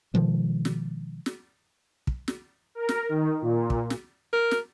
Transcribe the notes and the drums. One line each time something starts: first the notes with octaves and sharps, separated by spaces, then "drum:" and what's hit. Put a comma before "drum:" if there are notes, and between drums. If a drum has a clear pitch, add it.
B2 D#3 F3 G#3
drum: snare
drum: snare
drum: kick
drum: snare
A#4
drum: snare
D#3
A#2
drum: kick
drum: snare
A#4
drum: snare